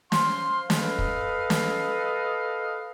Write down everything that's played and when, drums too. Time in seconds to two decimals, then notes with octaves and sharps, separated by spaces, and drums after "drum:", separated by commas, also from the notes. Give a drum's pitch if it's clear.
0.12 C5 F5 C6, drum: snare
0.70 A4 B4 D#5 F5, drum: snare
0.99 drum: kick
1.50 drum: snare